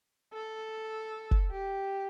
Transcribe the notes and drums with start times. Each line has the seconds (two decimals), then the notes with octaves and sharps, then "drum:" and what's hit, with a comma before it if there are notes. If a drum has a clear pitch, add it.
0.33 A4
1.31 drum: kick
1.51 G4